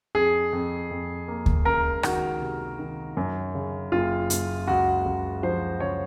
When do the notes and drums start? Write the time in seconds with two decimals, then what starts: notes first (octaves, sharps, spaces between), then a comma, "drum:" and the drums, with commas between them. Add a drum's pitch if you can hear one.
0.15 F2 G#4
0.53 F2
0.91 F2
1.28 A#3
1.46 drum: kick D2
1.65 C#2 A#4
2.03 D#3 F#4, drum: rim click
2.41 C3
2.79 D#3
3.17 F#2
3.55 C#3
3.92 F#1 F4
4.30 F#1, drum: hi-hat
4.67 C#2 F#4
5.05 C#2
5.43 F3 C5
5.80 C#3 C#5